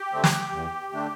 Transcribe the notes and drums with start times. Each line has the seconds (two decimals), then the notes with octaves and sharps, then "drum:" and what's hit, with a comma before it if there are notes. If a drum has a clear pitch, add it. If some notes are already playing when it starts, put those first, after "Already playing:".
Already playing: G4
0.12 D3 A3 C4
0.24 drum: snare
0.52 E2
0.93 D3 A3 D4